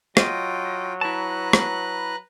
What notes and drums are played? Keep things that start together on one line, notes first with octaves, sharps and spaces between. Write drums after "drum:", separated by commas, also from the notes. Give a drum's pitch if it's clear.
F#3 F4 D#5 G5, drum: rim click
E4 B4 A5 A#5 F#6
drum: rim click